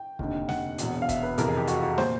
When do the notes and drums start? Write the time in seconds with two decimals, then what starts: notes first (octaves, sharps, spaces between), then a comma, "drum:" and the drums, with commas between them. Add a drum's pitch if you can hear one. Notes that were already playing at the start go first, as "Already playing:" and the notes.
Already playing: G5
0.19 F1 D#2 D3, drum: kick
0.49 F#5, drum: snare
0.78 E1 E2 B2, drum: hi-hat
1.02 F5
1.09 E5, drum: kick, hi-hat
1.23 B4
1.38 F1 F2 C3 E3 A#4, drum: hi-hat
1.48 G#4
1.57 G4
1.67 F#4, drum: hi-hat
1.82 F#4
1.98 A#2 C5, drum: snare